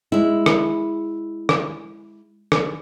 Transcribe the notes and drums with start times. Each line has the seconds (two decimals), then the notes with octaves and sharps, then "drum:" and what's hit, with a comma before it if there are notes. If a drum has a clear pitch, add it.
0.12 G#3 E4
0.46 drum: rim click
1.49 drum: rim click
2.52 drum: rim click